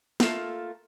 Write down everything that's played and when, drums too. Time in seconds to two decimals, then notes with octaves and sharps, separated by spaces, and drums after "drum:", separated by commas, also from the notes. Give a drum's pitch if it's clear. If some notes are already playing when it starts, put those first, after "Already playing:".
0.20 A3 A#3 F4 A4, drum: snare